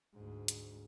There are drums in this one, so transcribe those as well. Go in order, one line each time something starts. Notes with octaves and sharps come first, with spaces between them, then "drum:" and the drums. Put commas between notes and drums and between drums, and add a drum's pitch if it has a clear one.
D2 G#2
drum: hi-hat